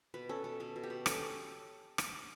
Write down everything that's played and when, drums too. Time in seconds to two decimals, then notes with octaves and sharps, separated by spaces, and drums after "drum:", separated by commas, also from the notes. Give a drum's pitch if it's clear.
0.14 B2 B4
0.29 C#4 A4
0.44 B2 A4
0.60 B2 A4
0.76 B2
0.83 G4
0.90 B2
1.06 C#4 A4, drum: rim click
1.98 drum: rim click